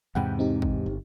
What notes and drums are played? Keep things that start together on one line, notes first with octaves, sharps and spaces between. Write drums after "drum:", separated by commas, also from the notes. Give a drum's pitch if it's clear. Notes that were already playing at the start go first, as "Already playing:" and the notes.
E2 G#2 C3 F#5 G5 B5
C4 D#4 G4
drum: kick
G1